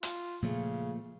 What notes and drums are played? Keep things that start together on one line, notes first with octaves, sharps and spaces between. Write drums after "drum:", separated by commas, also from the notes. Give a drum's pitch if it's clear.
F4, drum: hi-hat
A#2 C#3 F3 A3